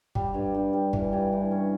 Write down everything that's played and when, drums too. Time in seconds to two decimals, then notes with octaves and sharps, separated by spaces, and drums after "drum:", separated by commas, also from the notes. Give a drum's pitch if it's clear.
0.15 G3, drum: kick
0.34 G2
0.54 G2
0.73 G3
0.93 E3, drum: kick
1.13 G2
1.33 E3
1.51 C#4